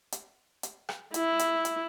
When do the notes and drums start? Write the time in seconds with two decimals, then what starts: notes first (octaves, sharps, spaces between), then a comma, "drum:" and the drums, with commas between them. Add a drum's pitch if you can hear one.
0.12 drum: hi-hat
0.63 drum: hi-hat
0.89 drum: rim click
1.14 E4, drum: hi-hat
1.39 drum: hi-hat
1.65 drum: hi-hat